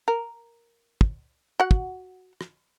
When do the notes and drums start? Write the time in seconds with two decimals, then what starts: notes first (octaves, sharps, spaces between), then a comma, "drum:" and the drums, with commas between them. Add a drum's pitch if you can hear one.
0.08 A#4
1.01 drum: kick
1.60 F#4 F#5
1.71 drum: kick
2.41 drum: rim click